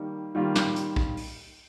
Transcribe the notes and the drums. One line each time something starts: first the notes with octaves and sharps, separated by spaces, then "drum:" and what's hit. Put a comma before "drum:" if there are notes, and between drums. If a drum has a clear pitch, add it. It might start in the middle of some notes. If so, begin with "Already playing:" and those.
Already playing: D#3 G3 A#3
D#3 G3 A#3 F4
drum: snare
drum: hi-hat
drum: kick
drum: open hi-hat